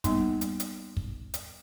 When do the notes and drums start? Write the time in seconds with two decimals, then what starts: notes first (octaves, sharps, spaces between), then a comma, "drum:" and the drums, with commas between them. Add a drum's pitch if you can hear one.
0.04 G3 A#3 B3 D#4, drum: kick, hi-hat
0.41 drum: hi-hat
0.60 drum: hi-hat
0.97 drum: kick
1.34 drum: hi-hat